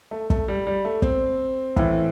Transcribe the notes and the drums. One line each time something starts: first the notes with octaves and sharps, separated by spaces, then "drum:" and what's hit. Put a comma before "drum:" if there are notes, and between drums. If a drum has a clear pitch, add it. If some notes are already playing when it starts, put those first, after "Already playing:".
A3
A3, drum: kick
G3
G3
A3
C4, drum: kick
A2 E3, drum: kick